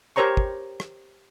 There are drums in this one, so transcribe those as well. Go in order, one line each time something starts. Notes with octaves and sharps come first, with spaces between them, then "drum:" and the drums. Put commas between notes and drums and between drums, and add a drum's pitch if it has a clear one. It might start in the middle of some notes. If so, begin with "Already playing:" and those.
G4 A#4 C5 C#5 A#5 C#6
drum: kick
drum: rim click